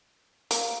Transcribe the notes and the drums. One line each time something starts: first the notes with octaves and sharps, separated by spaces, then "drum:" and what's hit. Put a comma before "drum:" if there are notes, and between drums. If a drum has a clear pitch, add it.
A#3, drum: hi-hat